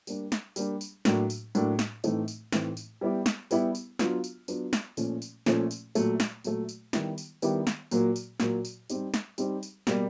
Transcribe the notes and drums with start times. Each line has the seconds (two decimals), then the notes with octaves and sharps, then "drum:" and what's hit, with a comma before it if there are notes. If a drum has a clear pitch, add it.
0.07 G3 A#3 D4, drum: tambourine
0.32 drum: snare
0.56 G3 A#3 D4, drum: tambourine
0.81 drum: tambourine
1.05 A2 F#3 A#3 D4, drum: snare
1.30 drum: tambourine
1.55 A2 F#3 A#3 D4, drum: tambourine
1.79 drum: snare
2.04 A2 E3 A3 C4 D#4, drum: tambourine
2.28 drum: tambourine
2.52 A2 E3 A3 C4 D#4, drum: snare
2.77 drum: tambourine
3.01 G3 B3 E4 G4
3.26 drum: snare
3.51 G3 B3 E4 G4, drum: tambourine
3.75 drum: tambourine
3.99 F#3 B3 D4 F4, drum: snare
4.24 drum: tambourine
4.48 F#3 B3 D4 F4, drum: tambourine
4.73 drum: snare
4.97 A#2 F3 A3 C#4, drum: tambourine
5.22 drum: tambourine
5.46 A#2 F3 A3 C#4, drum: snare
5.71 drum: tambourine
5.95 A#2 F#3 A3, drum: tambourine
6.20 drum: snare
6.44 A#2 F#3 A3, drum: tambourine
6.69 drum: tambourine
6.93 D#3 G3 B3 E4 G4, drum: snare
7.18 drum: tambourine
7.42 D#3 G3 B3 E4 G4, drum: tambourine
7.67 drum: snare
7.91 A#2 F#3 A#3, drum: tambourine
8.16 drum: tambourine
8.40 A#2 F#3 A#3, drum: snare
8.65 drum: tambourine
8.90 G3 C4 D#4 G4, drum: tambourine
9.14 drum: snare
9.38 G3 C4 D#4 G4, drum: tambourine
9.63 drum: tambourine
9.87 B2 G3 A#3, drum: snare